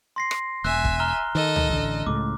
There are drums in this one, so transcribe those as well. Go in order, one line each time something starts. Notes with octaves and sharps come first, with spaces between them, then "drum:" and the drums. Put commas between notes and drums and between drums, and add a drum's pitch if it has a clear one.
C6 A#6 C7
drum: rim click
E1 E5 G#5 E6 F#6
drum: kick
A#5 F6 G7
D#3 A4 D#5
drum: tom C#2
A1 D3
C#2 A2 D6